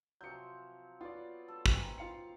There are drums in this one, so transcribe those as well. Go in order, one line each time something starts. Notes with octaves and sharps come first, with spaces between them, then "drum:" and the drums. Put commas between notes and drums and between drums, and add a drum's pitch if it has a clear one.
C3 F3 F#3 G6 C#7
B3 F4 C#5 D5
A4
D#3 A#3 C4 G#5, drum: kick
F4 F5 C#7